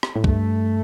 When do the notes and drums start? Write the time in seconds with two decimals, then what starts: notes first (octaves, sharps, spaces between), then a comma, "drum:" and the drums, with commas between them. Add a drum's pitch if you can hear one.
0.03 drum: rim click
0.16 A2
0.24 G2 A3, drum: kick